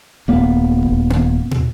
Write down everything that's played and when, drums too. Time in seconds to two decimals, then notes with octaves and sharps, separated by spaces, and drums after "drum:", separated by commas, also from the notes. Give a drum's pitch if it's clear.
0.28 D#1 A#3 B3
0.83 drum: kick F#1
1.10 drum: tom A#3
1.51 drum: tom